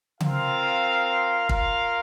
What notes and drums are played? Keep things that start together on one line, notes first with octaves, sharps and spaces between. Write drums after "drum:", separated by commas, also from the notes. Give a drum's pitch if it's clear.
C4 F4 A#4 F5, drum: tom C#3
F4 A#4 F5, drum: kick